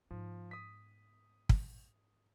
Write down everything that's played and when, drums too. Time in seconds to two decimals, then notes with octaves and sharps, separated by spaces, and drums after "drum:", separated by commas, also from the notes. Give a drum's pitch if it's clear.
0.11 G#2 F3 B3
0.51 D#6 B6
1.49 drum: kick